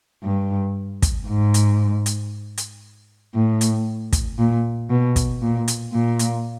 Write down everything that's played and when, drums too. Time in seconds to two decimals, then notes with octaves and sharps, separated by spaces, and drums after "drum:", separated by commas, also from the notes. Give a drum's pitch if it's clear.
0.24 G2
1.02 drum: kick, hi-hat
1.29 G#2
1.54 drum: hi-hat
2.06 drum: hi-hat
2.58 drum: hi-hat
3.34 A2
3.61 drum: hi-hat
4.13 drum: kick, hi-hat
4.39 A#2
4.90 B2
5.16 drum: kick, hi-hat
5.42 A#2
5.68 drum: hi-hat
5.93 A#2
6.19 drum: hi-hat